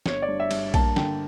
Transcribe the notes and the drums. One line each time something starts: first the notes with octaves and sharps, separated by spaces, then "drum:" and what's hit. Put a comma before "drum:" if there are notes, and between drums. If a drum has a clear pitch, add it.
G1 C#5, drum: snare
D5
G2
E5
G2, drum: cymbal
A#3 A5, drum: kick A#1, cymbal
D3 G5, drum: snare